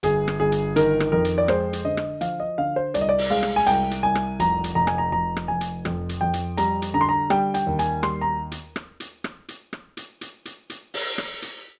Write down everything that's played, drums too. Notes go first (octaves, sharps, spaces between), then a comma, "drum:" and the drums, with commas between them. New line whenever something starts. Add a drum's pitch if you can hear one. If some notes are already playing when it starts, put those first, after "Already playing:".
G1 G#4, drum: hi-hat
drum: rim click
G1 G#4
drum: hi-hat
D#3 A#4, drum: hi-hat
drum: rim click
F2 A#4
drum: hi-hat
D5
G#3 C5, drum: rim click
drum: hi-hat
D3 D#5
drum: rim click
F3 F5, drum: hi-hat
D#5
D3 F5
C5
C2 D5, drum: hi-hat
D#5
D5
drum: open hi-hat
G#3 F5
drum: rim click
G#5
C2 G5, drum: hi-hat
drum: hi-hat
C2 G#5
drum: rim click
F1 A#5, drum: hi-hat
drum: hi-hat
F1 A#5
G#5, drum: rim click
A#5
F1 A#5
drum: rim click
F1 G#5
drum: hi-hat
F2, drum: rim click
drum: hi-hat
F2 G5
drum: hi-hat
G3 A#5, drum: hi-hat
drum: hi-hat
D3 A#5
C6
A#5
G3 G5, drum: rim click
G5, drum: hi-hat
D#2
G#5, drum: hi-hat
G3 C6, drum: rim click
A#5
drum: hi-hat
drum: rim click
drum: hi-hat
drum: rim click
drum: hi-hat
drum: rim click
drum: hi-hat
drum: hi-hat
drum: hi-hat
drum: hi-hat
drum: open hi-hat
drum: rim click
drum: hi-hat